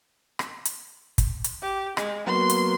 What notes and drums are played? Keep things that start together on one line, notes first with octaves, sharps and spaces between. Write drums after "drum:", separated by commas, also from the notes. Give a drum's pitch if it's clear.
drum: rim click
drum: hi-hat
drum: kick, hi-hat
drum: hi-hat
G4
G#3, drum: rim click
F#3 A#3 B3 C6
drum: hi-hat